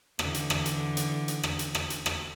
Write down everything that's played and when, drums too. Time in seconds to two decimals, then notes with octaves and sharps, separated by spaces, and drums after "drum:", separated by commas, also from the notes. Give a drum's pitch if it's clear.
0.19 D3 E3, drum: rim click
0.34 drum: hi-hat
0.50 drum: rim click
0.66 drum: hi-hat
0.97 drum: hi-hat
1.28 drum: hi-hat
1.43 drum: rim click
1.59 drum: hi-hat
1.75 drum: rim click
1.90 drum: hi-hat
2.06 drum: rim click